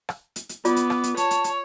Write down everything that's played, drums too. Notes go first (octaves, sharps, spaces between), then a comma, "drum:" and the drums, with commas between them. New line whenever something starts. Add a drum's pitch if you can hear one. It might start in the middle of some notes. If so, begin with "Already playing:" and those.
drum: rim click
drum: hi-hat
drum: hi-hat
B3 F4 D5 D6, drum: hi-hat
drum: hi-hat
drum: rim click
drum: hi-hat
C#5 A5, drum: hi-hat
drum: hi-hat
drum: hi-hat